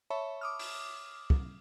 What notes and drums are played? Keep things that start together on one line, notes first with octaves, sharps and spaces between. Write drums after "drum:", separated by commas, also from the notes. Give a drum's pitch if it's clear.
C#5 E5 A5 B5 C#6
D6 D#6 F6
drum: open hi-hat
drum: kick